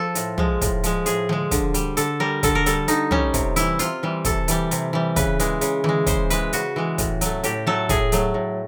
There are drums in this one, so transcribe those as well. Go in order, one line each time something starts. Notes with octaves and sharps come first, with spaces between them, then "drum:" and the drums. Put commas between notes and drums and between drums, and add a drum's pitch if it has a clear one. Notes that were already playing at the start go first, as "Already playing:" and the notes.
Already playing: F3 A4
A2, drum: hi-hat
F3 G#3, drum: tom
A2, drum: kick, hi-hat
F3 G#3, drum: hi-hat
A2 G#4, drum: hi-hat
F3 G#3, drum: tom D3
D3, drum: kick, hi-hat
G3, drum: hi-hat
D3 A4, drum: hi-hat
G3 A#4
D3 A4, drum: kick, hi-hat
A#4
G3 A4, drum: hi-hat
D3 D#4, drum: hi-hat
G3 C#4, drum: tom
C3, drum: kick, hi-hat
E3 G3 E4, drum: hi-hat
C3 F4, drum: hi-hat
E3 G3
C3 A4, drum: kick, hi-hat
E3 G3, drum: hi-hat
C3, drum: hi-hat
E3 G3
C#3 B4, drum: kick, hi-hat
E3 G#3, drum: hi-hat
C#3, drum: hi-hat
E3 G#3, drum: tom D3
C#3 C5, drum: kick, hi-hat
E3 G#3 B4, drum: hi-hat
C#3 F#4, drum: hi-hat
E3 G#3
A2, drum: kick, hi-hat
F#3 A3, drum: hi-hat
A2 G4, drum: hi-hat
F#3 A3 A4
A2 G#4, drum: kick, hi-hat
F#3 A3, drum: hi-hat
A2